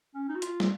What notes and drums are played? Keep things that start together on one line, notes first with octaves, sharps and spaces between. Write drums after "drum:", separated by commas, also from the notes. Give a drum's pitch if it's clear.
C#4
D#4
F#4
F4, drum: hi-hat
drum: snare